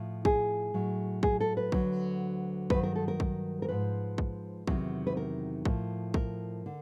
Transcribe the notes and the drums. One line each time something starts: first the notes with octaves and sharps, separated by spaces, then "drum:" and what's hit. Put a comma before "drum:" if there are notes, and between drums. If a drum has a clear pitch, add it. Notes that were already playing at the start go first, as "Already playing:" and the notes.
Already playing: A2 F3
G#4, drum: kick
A2 F#3
G#4, drum: kick
A4
B4
D2 D3 F#3, drum: kick
G2 D#3 F#3 B4, drum: kick
A#4
A4
A#4
drum: kick
A#4
G#2 F3 B4
drum: kick
E2 C3 D#3 F#3, drum: kick
B4
A#4
A2 F3, drum: kick
A#4, drum: kick
D3